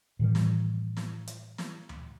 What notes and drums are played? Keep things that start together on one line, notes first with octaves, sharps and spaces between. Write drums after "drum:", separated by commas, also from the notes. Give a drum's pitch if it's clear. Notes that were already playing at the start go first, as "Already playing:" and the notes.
A2 D#3 E3 G3
drum: snare
drum: snare
drum: hi-hat
drum: snare
drum: tom D2